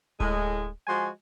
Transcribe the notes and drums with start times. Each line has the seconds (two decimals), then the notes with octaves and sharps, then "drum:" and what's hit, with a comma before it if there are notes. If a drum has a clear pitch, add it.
0.20 A2 G#3, drum: kick D1
0.87 F3 G#3 F#4 G#5 C6